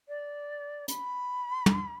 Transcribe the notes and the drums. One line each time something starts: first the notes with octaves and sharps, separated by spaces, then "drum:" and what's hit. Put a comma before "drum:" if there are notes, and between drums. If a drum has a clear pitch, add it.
D5
B5, drum: hi-hat
drum: tom